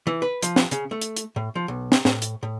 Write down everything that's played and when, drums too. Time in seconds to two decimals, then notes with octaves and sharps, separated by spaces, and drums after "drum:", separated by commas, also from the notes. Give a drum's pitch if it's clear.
0.07 E3
0.22 B4
0.43 F3, drum: hi-hat
0.56 drum: snare
0.71 C#3, drum: hi-hat
0.91 A3
1.01 drum: hi-hat
1.17 drum: hi-hat
1.36 A2
1.55 F3
1.68 B1
1.92 drum: snare
2.05 A2, drum: snare
2.22 drum: hi-hat
2.43 A2